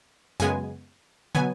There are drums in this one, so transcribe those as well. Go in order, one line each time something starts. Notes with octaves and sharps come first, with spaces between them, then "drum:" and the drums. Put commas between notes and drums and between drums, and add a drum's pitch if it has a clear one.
F#2 C#3 G#3 B3 G#5, drum: tambourine
B2 F#3 B3 G#5, drum: tom